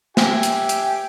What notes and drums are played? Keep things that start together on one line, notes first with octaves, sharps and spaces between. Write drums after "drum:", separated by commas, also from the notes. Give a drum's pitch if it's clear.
G4 E5 G#5, drum: snare
drum: hi-hat
drum: hi-hat